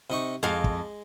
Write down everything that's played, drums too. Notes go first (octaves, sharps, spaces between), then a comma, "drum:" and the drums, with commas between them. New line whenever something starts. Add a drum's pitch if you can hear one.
C3 D#4 C#6
F2 G#3 F5
drum: kick